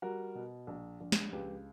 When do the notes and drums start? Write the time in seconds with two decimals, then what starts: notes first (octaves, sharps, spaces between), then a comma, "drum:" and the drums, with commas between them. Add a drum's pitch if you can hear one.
0.02 G3 F#4 A#4
0.35 B2
0.67 A#1
1.01 A#1
1.12 drum: snare
1.33 C#2 G4 B4